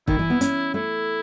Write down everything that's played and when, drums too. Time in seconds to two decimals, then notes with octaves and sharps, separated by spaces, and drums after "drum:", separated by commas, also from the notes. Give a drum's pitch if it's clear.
0.07 D#3 E4, drum: kick
0.19 E3
0.30 B3
0.41 C#4, drum: hi-hat
0.74 A3 E4